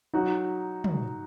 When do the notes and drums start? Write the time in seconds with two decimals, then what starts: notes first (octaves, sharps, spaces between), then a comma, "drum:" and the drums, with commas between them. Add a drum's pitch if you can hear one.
0.14 F#3 D#4 F#4
0.84 drum: tom